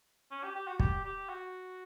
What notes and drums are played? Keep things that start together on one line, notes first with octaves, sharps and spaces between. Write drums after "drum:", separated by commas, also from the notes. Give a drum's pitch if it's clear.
C#4
G4
G4
F#4
G4, drum: kick
G4
F#4